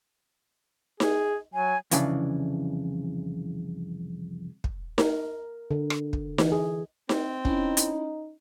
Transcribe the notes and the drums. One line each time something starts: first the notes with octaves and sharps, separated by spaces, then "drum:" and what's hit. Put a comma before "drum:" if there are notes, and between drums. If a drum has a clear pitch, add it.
G#4, drum: snare D#4
F#3 G#5
C2 F2 C#3 E3 D4, drum: hi-hat
drum: kick
A#4, drum: snare D#4
D3
drum: rim click
drum: kick
E3, drum: snare D#4
G#4
C4, drum: snare D#4
C#4 D#4 E4, drum: kick
drum: hi-hat